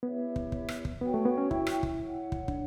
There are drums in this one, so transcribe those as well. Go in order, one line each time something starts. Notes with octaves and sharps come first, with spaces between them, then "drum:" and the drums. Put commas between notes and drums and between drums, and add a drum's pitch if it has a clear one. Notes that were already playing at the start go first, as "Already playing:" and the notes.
B3 E4 G4 C#5 E5
drum: kick
drum: kick
drum: rim click
drum: kick
B3 F#4 C#5 G5 C#6
A3
B3
C#4
E4, drum: kick
drum: rim click
drum: kick
A4 C#5 F#5
drum: kick
D4, drum: kick